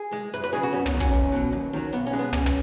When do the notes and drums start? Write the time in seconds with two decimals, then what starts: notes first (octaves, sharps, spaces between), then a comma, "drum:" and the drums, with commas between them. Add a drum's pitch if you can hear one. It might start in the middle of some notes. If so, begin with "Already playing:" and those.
Already playing: G#4
0.13 G#3
0.33 F#2 B4, drum: hi-hat
0.44 B4, drum: hi-hat
0.53 C#3 F#3 G#4
0.63 F#4
0.73 F#2 C#4
0.86 B3, drum: tom
0.93 D#3 F#3
1.00 C#4, drum: kick, hi-hat
1.14 C#2, drum: hi-hat
1.32 B2 F#3
1.52 D#2
1.73 D#3 F#3
1.93 B1 B3, drum: hi-hat
2.07 C#4, drum: hi-hat
2.12 B2 G#3
2.19 B3, drum: hi-hat
2.33 B1 C#4, drum: tom
2.46 drum: tom